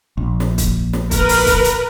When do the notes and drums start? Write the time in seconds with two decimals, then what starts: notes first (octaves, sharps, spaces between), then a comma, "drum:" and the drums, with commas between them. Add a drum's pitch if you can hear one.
0.17 A#1
0.40 drum: snare
0.58 drum: kick, hi-hat
0.93 drum: snare
1.11 A#4 B4, drum: kick, hi-hat
1.29 drum: open hi-hat
1.47 drum: kick, hi-hat
1.64 drum: hi-hat